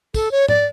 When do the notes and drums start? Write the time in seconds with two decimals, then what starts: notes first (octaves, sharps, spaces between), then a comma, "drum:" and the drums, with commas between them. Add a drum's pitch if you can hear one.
0.14 A4, drum: kick, tambourine
0.31 C#5
0.48 D5, drum: tom G#2